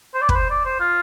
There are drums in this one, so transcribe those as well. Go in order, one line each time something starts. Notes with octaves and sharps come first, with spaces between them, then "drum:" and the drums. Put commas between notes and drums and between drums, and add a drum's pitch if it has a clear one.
C5
D5
B4, drum: kick
C5
D5
C5
F4